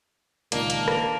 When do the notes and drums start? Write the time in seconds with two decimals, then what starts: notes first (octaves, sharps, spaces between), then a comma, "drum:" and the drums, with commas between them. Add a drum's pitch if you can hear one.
0.52 C#2 A#2 D#3 A#3 D4, drum: hi-hat
0.70 drum: hi-hat
0.88 drum: rim click